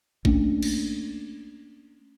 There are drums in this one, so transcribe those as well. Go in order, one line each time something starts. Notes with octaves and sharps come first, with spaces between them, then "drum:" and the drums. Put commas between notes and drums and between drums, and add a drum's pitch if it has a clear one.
A3 A#3 C#4 D4, drum: kick
drum: cymbal